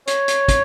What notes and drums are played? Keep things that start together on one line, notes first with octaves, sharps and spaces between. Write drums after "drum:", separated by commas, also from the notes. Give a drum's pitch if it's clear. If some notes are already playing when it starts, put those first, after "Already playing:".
C#5, drum: hi-hat
drum: hi-hat
drum: kick, hi-hat